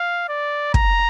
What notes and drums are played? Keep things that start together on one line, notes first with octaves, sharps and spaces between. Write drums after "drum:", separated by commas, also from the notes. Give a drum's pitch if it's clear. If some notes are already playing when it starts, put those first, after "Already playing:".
Already playing: F5
D5
A#5, drum: kick